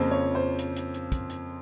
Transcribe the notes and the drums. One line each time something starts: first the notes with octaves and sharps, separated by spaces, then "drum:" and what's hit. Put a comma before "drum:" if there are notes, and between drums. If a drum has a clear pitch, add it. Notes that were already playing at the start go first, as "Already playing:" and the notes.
Already playing: F2 C#3 F3 A#3 C5
C#5
C5
drum: hi-hat
drum: hi-hat
drum: hi-hat
drum: kick, hi-hat
drum: hi-hat